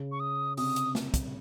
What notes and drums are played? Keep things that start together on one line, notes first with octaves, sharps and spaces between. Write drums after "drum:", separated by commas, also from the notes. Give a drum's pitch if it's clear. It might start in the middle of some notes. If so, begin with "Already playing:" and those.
Already playing: C#3
C#6
D#6
C3 D#6, drum: open hi-hat
drum: hi-hat
drum: snare
drum: kick, hi-hat